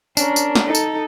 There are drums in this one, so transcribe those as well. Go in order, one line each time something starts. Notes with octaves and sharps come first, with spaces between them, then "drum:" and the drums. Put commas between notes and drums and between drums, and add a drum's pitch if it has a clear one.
C#4 D4 A#4, drum: tambourine
drum: tambourine
drum: snare
D#4 A4
drum: tambourine